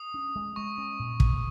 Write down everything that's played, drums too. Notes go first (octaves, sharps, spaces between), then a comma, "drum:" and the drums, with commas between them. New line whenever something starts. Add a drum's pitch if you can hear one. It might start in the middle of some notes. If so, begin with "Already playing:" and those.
Already playing: D#6
C#4
G#3
G#3 C#6
C#4
A#2
A#2, drum: kick